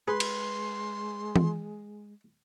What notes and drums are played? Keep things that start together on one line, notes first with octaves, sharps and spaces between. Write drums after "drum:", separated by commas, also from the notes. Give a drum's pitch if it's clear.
G#3 G#4 B4 C6
drum: cymbal
drum: tom E3